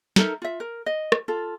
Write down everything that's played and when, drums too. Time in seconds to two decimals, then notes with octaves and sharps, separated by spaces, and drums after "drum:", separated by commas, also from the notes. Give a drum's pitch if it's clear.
0.16 D#4 A4 A#4 E5, drum: snare
0.42 F4 E5
0.60 A#4
0.86 D#5
1.12 drum: rim click
1.28 F4 A4